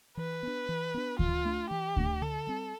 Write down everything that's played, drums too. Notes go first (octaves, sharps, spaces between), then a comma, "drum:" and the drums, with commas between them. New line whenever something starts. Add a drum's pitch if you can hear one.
E3 B4
B3 D4
E3
B3 D4
E3 F4, drum: kick D2
A3 D4
E3 G4
A3 D4, drum: kick D2
D3 A4
G3 C4